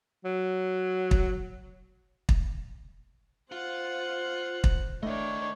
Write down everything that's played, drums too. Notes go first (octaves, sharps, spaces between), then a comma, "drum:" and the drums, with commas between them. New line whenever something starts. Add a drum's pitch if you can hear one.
F#3
drum: kick
drum: kick
F4 C5 F#5
drum: kick
A3 D4 C#5 D#5 G5